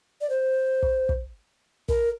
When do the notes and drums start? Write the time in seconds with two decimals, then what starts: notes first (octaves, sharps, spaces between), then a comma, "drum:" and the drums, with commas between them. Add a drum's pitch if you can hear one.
0.21 D5
0.30 C5
0.83 drum: kick
1.09 drum: kick
1.89 A#4, drum: kick